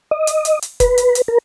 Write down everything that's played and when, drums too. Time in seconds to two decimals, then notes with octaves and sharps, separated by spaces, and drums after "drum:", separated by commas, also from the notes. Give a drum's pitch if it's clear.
0.11 D#5
0.27 drum: hi-hat
0.45 drum: hi-hat
0.62 drum: hi-hat
0.80 B4, drum: kick F#1, hi-hat
0.98 drum: hi-hat
1.15 drum: hi-hat
1.28 A#4